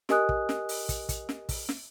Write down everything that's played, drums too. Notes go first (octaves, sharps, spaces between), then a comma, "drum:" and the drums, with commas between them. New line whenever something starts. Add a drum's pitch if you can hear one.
G4 A#4 D#5 G#5 D#6 F#6, drum: snare
drum: kick
drum: snare
drum: open hi-hat
drum: kick, hi-hat
drum: kick, hi-hat
drum: snare
drum: kick, open hi-hat
drum: snare